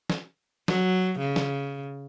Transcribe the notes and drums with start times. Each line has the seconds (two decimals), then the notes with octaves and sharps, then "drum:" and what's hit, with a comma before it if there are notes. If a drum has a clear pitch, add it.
0.10 drum: snare
0.68 F#3, drum: snare
1.19 C#3
1.36 drum: snare